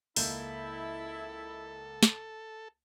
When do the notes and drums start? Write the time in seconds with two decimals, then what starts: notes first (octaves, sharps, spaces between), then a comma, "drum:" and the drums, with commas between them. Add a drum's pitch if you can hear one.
0.16 C#2 A#3 E4 A4 G6, drum: open hi-hat
2.03 drum: snare